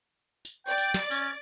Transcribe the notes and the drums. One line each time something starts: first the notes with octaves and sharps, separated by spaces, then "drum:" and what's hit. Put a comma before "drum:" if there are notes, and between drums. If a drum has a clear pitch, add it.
drum: tambourine
D5 G5 A6
drum: tambourine
drum: snare
C#4, drum: tambourine